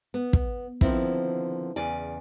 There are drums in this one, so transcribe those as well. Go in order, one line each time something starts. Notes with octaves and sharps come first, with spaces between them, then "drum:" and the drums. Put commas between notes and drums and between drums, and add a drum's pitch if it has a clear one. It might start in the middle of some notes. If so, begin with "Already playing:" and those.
B3
drum: kick
D3 D#3 F3 B3 C4 E4, drum: kick
E2 C#3 D5 G#5